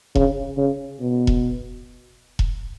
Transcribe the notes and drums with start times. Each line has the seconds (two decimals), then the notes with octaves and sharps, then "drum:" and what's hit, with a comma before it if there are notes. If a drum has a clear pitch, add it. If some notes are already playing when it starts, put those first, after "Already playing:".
0.15 C#3, drum: kick E1
0.57 C#3
1.00 B2
1.27 drum: kick E1
2.39 drum: kick E1